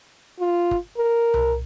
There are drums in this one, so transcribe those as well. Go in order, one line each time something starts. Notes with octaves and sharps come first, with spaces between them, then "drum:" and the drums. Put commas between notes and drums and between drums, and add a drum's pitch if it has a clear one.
F4
drum: kick
A#4
drum: tom C2